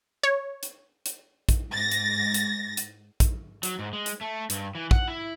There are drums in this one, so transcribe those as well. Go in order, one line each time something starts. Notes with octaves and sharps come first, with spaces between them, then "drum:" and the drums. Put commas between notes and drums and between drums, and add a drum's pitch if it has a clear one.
C#5
drum: hi-hat
drum: hi-hat
drum: kick, hi-hat
G#2 A6 A#6
drum: hi-hat
drum: hi-hat
drum: hi-hat
drum: kick, hi-hat
F#3, drum: hi-hat
G#2
G#3
drum: hi-hat
A3
G2, drum: hi-hat
E3
F#5, drum: kick
E4